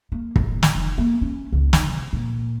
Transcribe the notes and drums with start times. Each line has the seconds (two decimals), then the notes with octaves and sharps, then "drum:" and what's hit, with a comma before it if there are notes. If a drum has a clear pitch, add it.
0.12 A#3
0.36 A1, drum: kick
0.63 drum: snare
0.75 F1
0.98 A#3
1.21 C#4
1.53 C#2
1.73 D#3, drum: snare
1.87 C3
2.13 A#2